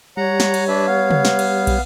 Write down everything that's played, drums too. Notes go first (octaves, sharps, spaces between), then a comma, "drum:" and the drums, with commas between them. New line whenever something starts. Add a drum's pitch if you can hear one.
G3 C#5 F#5 A#5
drum: snare
drum: cymbal
D4 B4 E5
B3 F5
drum: tom
drum: snare
drum: cymbal
drum: kick, cymbal